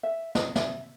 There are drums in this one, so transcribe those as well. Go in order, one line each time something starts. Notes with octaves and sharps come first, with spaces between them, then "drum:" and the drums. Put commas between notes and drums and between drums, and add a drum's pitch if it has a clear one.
E5
D#5, drum: snare
E5, drum: snare